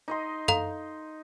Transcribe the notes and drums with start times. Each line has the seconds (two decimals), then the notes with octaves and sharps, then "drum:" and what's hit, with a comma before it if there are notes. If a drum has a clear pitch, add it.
0.08 D#4 D#5 C6
0.48 A4 F5 A#5, drum: tom F#2